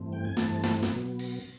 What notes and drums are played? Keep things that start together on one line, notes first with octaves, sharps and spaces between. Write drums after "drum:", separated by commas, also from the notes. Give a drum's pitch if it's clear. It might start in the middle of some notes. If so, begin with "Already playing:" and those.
Already playing: G2 E3 A3 C4
G5
G#5
G2 E3 A3 C4 A5, drum: snare
drum: snare
drum: snare
B2 F#3 B3
drum: cymbal